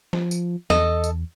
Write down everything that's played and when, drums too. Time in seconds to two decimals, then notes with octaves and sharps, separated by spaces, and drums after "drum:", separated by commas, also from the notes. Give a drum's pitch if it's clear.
0.13 F3, drum: snare
0.31 drum: tambourine
0.70 E2 A4 D#5, drum: snare
1.04 drum: tambourine